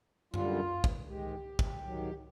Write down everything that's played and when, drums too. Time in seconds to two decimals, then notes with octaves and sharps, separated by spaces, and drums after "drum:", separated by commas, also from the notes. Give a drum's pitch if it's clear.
0.34 F#2 D3 G3 F4, drum: tom F#2
0.84 drum: kick
1.09 G#2 D#3 G#3 G4
1.59 drum: kick
1.84 G#2 D#3 F#3